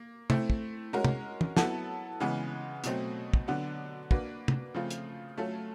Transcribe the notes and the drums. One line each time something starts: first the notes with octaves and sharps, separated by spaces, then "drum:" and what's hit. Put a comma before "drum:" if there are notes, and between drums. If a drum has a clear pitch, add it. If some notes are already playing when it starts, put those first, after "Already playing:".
Already playing: A#3
A3 C4 E4, drum: tom
drum: kick
G#3 C#4 F#4 A#4
drum: tom
drum: tom
F#3 B3 E4 A4, drum: snare
C#3 E3 G#3 B3
B2 F#3 A3 C4, drum: hi-hat
drum: kick
D3 F#3 B3 D4 F#4
A#3 D4 F#4 B4, drum: kick
drum: tom
C#3 F3 A3 C4 F4
drum: hi-hat
F#3 A3 C#4 F4 A4